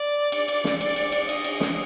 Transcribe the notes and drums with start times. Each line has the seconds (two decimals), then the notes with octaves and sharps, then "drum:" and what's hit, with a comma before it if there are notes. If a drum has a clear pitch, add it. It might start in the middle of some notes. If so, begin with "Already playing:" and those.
Already playing: D5
0.32 drum: cymbal
0.48 drum: cymbal
0.64 drum: snare
0.81 D5, drum: cymbal
0.96 drum: cymbal
1.12 drum: cymbal
1.29 D#5, drum: cymbal
1.44 drum: cymbal
1.60 drum: snare